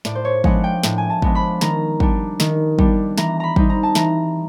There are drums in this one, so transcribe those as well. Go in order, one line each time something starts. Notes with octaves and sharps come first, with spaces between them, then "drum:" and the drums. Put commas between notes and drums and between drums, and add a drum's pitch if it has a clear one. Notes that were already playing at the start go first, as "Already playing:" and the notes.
A2 D5, drum: snare
C5
C#5
F3 G#3 B3 D4 F#5, drum: kick
G5
A2, drum: snare
G#5
A5
F3 G#3 B3 D4, drum: kick
B5
D#3 A#5, drum: snare
G3 B3 D4, drum: kick
D#3, drum: snare
G3 B3 D4, drum: kick
E3 A#5, drum: snare
A#5 B5
G3 C4 D#4, drum: kick
A#5
A5
E3 A#5, drum: snare